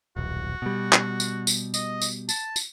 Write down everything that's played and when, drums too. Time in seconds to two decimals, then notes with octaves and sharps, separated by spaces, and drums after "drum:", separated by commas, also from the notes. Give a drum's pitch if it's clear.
0.16 D#1 B1 F#4
0.62 B2 G3
0.93 drum: clap
1.20 drum: tambourine
1.47 drum: tambourine
1.74 D#5, drum: tambourine
2.02 drum: tambourine
2.29 A5, drum: tambourine
2.56 drum: tambourine